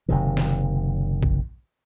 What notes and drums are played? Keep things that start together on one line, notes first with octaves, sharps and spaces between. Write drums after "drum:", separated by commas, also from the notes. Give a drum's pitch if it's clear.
F#1 C3 D#3
drum: snare
drum: kick A#1